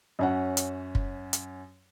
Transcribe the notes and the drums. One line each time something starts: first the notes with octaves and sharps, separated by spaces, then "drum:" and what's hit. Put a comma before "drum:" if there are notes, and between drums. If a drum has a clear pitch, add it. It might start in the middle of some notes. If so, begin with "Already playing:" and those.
F#2 C#4 F#5
drum: hi-hat
drum: kick
drum: hi-hat